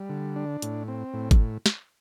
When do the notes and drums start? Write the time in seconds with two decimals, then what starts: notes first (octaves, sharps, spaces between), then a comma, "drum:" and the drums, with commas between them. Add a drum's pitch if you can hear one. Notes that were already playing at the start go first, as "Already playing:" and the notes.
Already playing: G3
0.09 D3
0.36 D4
0.62 A2, drum: hi-hat
0.88 C4
1.14 A2
1.31 drum: kick, hi-hat
1.66 drum: snare